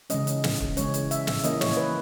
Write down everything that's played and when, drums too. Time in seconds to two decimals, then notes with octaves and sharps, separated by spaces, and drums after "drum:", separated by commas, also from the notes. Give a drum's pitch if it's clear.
0.10 C#3 E3 G#3 C#4 D#5, drum: hi-hat
0.27 drum: hi-hat
0.44 drum: snare
0.60 drum: kick
0.77 C#3 E3 G#3 C#4 C#5, drum: hi-hat
0.94 drum: hi-hat
1.11 E5, drum: hi-hat
1.27 drum: snare
1.44 E3 A#3 C#4 D#5, drum: hi-hat
1.61 C#5, drum: snare
1.77 B4